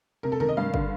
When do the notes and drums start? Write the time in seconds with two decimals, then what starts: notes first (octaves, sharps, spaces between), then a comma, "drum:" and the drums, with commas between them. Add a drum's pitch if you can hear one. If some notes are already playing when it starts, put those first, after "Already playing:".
0.23 C3 A#4
0.32 A4
0.40 D#3 A#4
0.49 D#5
0.57 G2 F5
0.74 D3, drum: kick